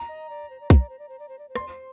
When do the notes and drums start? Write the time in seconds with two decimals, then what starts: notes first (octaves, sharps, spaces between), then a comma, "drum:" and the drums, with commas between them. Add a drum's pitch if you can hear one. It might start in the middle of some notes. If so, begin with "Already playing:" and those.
Already playing: A#5
0.08 D#5
0.30 D5
0.50 C5
0.60 D5
0.70 C5, drum: kick
0.80 D5
0.89 C5
0.99 D5
1.09 C5
1.19 D5
1.29 C5
1.39 D5
1.49 C5
1.56 D5 C6, drum: rim click
1.68 C5